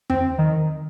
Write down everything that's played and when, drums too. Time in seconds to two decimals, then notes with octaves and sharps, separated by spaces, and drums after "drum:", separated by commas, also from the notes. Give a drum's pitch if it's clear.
0.10 C4, drum: tom E2
0.38 D#3